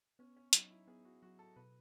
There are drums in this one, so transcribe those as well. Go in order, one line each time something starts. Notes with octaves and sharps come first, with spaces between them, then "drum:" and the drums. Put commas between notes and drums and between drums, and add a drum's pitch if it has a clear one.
B3 C#4
C#4
F#3 D#4, drum: hi-hat
E4
B3 G#4
F#4
F#3 F#4
A4
B2 B4